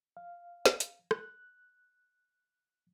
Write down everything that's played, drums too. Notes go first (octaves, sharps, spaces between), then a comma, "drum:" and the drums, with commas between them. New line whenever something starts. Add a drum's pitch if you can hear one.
F5
drum: snare
drum: hi-hat
F#6, drum: rim click